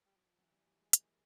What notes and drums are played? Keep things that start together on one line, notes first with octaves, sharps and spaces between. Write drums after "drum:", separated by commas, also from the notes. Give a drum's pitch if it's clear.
G3
F#3
F3
E3 F#3
G3
G3
G#3
A#3, drum: hi-hat